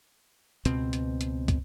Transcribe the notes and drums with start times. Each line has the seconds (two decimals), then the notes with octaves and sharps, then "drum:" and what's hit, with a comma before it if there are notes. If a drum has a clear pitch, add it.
0.65 C#2 B2 C4, drum: hi-hat
0.93 drum: hi-hat
1.21 drum: hi-hat
1.48 drum: kick, hi-hat